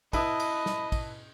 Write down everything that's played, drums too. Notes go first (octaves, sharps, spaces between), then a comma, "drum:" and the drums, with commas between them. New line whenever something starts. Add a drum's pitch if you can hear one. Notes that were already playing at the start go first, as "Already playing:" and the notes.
E4 B4 D#5 A5 B5 D#6, drum: kick, cymbal
drum: cymbal
drum: snare
drum: kick, cymbal